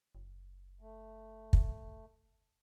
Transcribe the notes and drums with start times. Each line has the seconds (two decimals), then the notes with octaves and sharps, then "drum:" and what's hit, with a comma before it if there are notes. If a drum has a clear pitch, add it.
0.15 F#1
0.81 A3
1.53 drum: kick